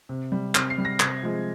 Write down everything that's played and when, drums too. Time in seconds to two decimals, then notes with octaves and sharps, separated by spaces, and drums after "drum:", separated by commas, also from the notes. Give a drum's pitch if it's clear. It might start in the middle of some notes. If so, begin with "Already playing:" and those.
0.09 C3
0.32 G3
0.55 C3 F6, drum: clap
0.70 C7
0.78 G3
0.85 A#6
1.00 C3 G#6, drum: clap
1.23 F3 G#3